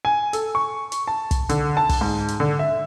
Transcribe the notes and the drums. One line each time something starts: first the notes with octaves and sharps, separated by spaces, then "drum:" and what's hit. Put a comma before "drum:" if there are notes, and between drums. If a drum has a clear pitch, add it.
G#5
A4, drum: hi-hat
C#6
drum: hi-hat
A5
drum: kick, hi-hat
D3, drum: hi-hat
A5
drum: kick, open hi-hat
G#2
drum: hi-hat
D3
E5